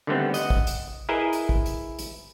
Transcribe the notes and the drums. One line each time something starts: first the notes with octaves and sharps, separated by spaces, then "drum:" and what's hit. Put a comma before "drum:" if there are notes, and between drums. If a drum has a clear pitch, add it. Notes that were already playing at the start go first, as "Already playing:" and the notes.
D3 D#3 G3 A3 B3 C4
D#5 F#5, drum: hi-hat
drum: kick
drum: hi-hat
E4 G#4 A#4 B4 D#5 E5
drum: hi-hat
drum: kick
drum: hi-hat
drum: hi-hat